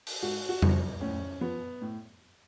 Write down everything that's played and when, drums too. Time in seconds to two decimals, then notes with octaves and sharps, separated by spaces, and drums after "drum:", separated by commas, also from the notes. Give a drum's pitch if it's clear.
0.07 drum: open hi-hat
0.23 G#2 F#4
0.49 F#4
0.62 F3, drum: tom F2
1.01 A2 C#4
1.41 F3 B3
1.81 A2